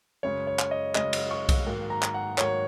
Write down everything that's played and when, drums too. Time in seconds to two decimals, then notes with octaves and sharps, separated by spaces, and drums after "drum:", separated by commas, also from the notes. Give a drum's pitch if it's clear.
0.23 F#2 C#3 G#3 C#5
0.47 C#5
0.59 drum: clap
0.71 D#5
0.95 F#2 C#3 G#3 D#5, drum: clap
1.13 drum: cymbal
1.31 C#6
1.49 drum: kick B1, cymbal
1.67 G#2 D#3 F#3 A#3
1.90 A#5
2.02 drum: clap
2.14 F#5
2.38 G#2 D#3 F#3 A#3 C#5, drum: clap